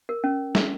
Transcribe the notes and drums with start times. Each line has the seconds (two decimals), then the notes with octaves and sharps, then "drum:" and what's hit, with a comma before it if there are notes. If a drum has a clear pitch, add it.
0.09 A#4
0.24 C#4
0.55 drum: snare